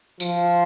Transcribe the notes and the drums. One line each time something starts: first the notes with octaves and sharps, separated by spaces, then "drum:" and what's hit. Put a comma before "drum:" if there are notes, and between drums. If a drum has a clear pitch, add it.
F3, drum: tambourine